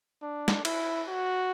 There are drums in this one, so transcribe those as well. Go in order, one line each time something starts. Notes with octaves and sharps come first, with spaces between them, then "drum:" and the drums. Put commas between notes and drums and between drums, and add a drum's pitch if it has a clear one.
D4
drum: snare
E4, drum: cymbal
F#4